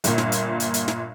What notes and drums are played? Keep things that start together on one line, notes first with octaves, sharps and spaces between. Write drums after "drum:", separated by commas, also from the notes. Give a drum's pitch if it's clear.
G1 A#2, drum: hi-hat
drum: snare
drum: hi-hat
drum: hi-hat
drum: hi-hat
drum: snare